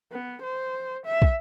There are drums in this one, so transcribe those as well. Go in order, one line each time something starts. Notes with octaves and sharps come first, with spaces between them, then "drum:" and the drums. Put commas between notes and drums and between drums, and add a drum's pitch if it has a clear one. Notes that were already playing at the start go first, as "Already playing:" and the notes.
B3
C5
E5
drum: kick